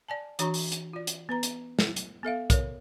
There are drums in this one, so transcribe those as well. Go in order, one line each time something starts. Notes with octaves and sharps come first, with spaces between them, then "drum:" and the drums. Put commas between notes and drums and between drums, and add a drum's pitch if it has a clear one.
D5 G#5 A5
E3 D4 F#4 C#5 A#5 C#6, drum: hi-hat
drum: open hi-hat
drum: hi-hat
F4 D5
drum: hi-hat
B3 B4 A#5
drum: hi-hat
drum: snare
drum: hi-hat
B3 A4 E5 F5
A#4 C#5, drum: kick, hi-hat